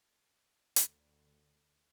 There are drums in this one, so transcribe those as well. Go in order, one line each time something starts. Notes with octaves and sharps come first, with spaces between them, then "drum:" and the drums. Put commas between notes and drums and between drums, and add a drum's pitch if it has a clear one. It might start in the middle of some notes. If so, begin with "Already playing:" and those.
D2 D3, drum: hi-hat